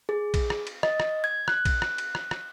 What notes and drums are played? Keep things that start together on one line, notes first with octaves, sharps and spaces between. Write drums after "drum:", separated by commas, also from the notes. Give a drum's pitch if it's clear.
G#4
drum: kick A#1, cymbal
drum: rim click
drum: cymbal
D#5, drum: rim click
drum: rim click
G#6
F#6, drum: rim click
drum: kick A#1, cymbal
drum: rim click
drum: cymbal
drum: rim click
drum: rim click